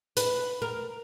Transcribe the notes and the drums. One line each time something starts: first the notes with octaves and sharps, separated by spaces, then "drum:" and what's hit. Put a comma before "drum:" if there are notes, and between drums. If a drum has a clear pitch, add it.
B4, drum: hi-hat
A#4